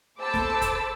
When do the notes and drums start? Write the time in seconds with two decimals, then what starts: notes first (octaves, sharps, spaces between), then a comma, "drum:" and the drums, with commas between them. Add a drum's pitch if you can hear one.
0.20 A4 C5 A5 B5 D6 E6
0.34 drum: snare
0.62 drum: kick F#1, hi-hat